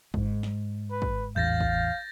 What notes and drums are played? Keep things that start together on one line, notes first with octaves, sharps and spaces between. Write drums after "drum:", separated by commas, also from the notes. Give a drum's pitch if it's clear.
G#2, drum: kick
drum: snare
B4
drum: kick
A1 E2 F5 G6 A6 A#6
drum: kick